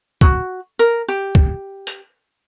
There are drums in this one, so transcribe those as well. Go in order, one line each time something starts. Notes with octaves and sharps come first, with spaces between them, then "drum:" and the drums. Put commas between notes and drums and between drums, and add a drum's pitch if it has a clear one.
F#4, drum: kick
A#4
G4
drum: kick
drum: hi-hat